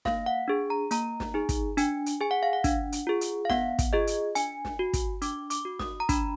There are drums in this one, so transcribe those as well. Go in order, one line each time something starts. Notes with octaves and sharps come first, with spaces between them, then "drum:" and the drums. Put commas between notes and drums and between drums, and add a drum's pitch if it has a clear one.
A#3 F5, drum: snare
F#5
D4 G#4
A#5
A#3 A#5, drum: hi-hat
drum: snare
D#4 G#4
drum: kick, hi-hat
D4 G#5, drum: hi-hat
drum: hi-hat
G#4 G#5
F#5
F5
F#5
D4, drum: kick, hi-hat
drum: hi-hat
F4 G#4
drum: hi-hat
F5
B3 F#5, drum: snare
drum: kick, hi-hat
F4 G#4 D#5
drum: hi-hat
D4 G#5, drum: hi-hat
drum: snare
F#4
drum: kick, hi-hat
D4 D6, drum: hi-hat
D6, drum: hi-hat
F#4
D#6, drum: snare
A#5
D4 B5, drum: kick, hi-hat